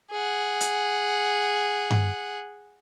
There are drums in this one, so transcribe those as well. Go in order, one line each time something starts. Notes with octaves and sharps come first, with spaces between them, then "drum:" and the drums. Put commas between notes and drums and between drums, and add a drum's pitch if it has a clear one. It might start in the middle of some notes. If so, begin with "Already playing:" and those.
G#4 F#5
drum: hi-hat
drum: tom G2